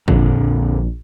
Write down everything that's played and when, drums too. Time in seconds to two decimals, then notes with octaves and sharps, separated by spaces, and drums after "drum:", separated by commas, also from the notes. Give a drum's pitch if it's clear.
0.08 A#1 F2 D3, drum: kick G#1